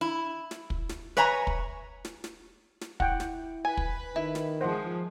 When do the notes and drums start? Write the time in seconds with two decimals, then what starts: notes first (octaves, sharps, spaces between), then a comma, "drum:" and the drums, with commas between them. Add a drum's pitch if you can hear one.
0.01 E4
0.51 drum: snare
0.70 drum: kick
0.89 drum: snare
1.17 B4 C#5 E5 G#5 A#5
1.47 drum: kick
2.05 drum: snare
2.24 drum: snare
2.81 drum: snare
3.00 E4 F#5 G5, drum: kick
3.20 drum: snare
3.65 B4 G#5
3.77 drum: kick
4.16 D#3 E4
4.35 drum: snare
4.61 F3 G#3 C5 F#5